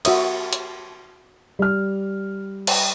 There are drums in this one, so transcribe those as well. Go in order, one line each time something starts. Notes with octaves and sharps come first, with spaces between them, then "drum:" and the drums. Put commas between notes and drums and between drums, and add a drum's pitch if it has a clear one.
F#4 E5 D#6, drum: cymbal
drum: hi-hat
G3 F6
drum: cymbal